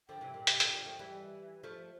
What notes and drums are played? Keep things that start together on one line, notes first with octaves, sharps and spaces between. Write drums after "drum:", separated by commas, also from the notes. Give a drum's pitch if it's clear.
D3 F3 G5
C3 E3
A#2
C3, drum: hi-hat
A#2 D3, drum: hi-hat
D3 F3
F3 A3
E3 G3
F3 A3